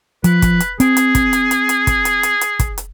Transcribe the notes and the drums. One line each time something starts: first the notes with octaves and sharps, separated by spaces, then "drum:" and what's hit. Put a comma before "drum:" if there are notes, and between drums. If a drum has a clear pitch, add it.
F3 B4, drum: hi-hat
drum: kick, hi-hat
drum: hi-hat
C4 G#4, drum: hi-hat
drum: hi-hat
drum: kick, hi-hat
drum: hi-hat
drum: hi-hat
drum: hi-hat
drum: kick, hi-hat
drum: hi-hat
drum: hi-hat
drum: hi-hat
drum: kick, hi-hat
drum: hi-hat